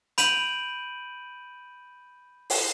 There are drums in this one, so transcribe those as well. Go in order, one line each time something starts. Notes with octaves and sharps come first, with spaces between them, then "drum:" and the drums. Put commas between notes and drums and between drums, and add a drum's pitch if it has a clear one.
B5 G6 D7 D#7 F#7, drum: hi-hat
drum: open hi-hat